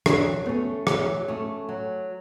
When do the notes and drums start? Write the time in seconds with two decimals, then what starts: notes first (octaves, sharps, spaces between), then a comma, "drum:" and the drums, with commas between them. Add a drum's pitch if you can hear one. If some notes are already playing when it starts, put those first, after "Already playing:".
0.06 F#3 D4, drum: rim click
0.46 A3 B3 C#4
0.87 F#3, drum: rim click
1.28 A3 C#4
1.69 F#3